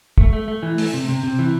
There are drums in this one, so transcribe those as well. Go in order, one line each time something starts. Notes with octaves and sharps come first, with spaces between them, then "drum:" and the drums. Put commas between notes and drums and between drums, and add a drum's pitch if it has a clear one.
A3, drum: kick
A3
A3
E3
A3, drum: open hi-hat
C3
C3
C3
E3